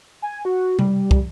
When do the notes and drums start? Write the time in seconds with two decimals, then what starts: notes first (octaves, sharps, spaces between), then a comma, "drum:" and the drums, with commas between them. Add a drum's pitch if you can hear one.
0.22 G#5
0.45 F#4
0.79 G3, drum: tom C3
1.11 drum: kick